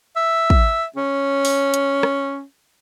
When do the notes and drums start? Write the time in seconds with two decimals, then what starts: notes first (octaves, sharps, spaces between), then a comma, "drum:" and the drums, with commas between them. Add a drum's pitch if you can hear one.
0.16 E5
0.50 drum: kick
0.96 C#4
1.45 drum: open hi-hat
1.74 drum: hi-hat
2.03 drum: rim click